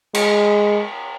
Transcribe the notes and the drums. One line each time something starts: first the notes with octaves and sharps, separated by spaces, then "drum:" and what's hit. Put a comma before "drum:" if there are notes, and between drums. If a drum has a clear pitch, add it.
G#3, drum: cymbal